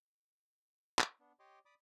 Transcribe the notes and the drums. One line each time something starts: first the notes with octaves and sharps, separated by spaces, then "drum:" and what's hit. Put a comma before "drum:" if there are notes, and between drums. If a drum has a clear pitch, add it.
drum: clap
B3 D4
G4 C#5 D#5 C6 D6
D5 B5 D6 D#6